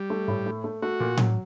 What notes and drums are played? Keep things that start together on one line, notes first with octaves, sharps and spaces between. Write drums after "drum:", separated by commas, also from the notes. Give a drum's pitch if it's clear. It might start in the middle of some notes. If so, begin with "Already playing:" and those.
Already playing: G3
A3
A2
A3
A3
A3 F#4
A#2
F#3, drum: tom A2